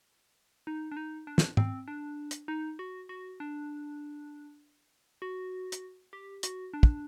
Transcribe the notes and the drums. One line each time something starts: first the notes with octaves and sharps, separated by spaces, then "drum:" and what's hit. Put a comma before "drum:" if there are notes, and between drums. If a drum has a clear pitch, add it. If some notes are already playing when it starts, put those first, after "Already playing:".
D#4
D4
D#4
D4
drum: snare
C4, drum: tom G#2
D4
drum: hi-hat
D#4
F#4
F#4
D4
F#4
drum: hi-hat
G4
F#4, drum: hi-hat
D4
drum: kick